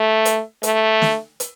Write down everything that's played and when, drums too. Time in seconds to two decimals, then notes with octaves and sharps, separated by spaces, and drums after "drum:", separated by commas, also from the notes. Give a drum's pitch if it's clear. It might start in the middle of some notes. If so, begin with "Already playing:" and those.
Already playing: A3
0.25 drum: hi-hat
0.63 A3, drum: hi-hat
1.02 drum: snare
1.40 drum: hi-hat